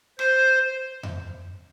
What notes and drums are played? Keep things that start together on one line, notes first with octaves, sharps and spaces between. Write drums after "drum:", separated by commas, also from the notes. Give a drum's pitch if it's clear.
C5, drum: rim click
drum: tom F2